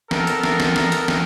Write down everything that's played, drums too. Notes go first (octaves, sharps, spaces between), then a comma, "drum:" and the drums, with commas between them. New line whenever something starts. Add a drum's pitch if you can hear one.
B3 A4 A#4, drum: snare
drum: hi-hat
drum: snare
drum: snare
drum: snare
drum: hi-hat
drum: snare